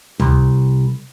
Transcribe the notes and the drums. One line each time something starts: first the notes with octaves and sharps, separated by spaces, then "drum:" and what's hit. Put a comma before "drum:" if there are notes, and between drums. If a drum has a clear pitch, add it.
C2, drum: tom C#2